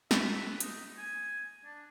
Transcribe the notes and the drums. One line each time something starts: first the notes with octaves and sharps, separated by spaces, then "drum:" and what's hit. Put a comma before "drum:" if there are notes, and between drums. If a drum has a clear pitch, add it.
E5, drum: snare
B4
D#4, drum: hi-hat
G#5
D4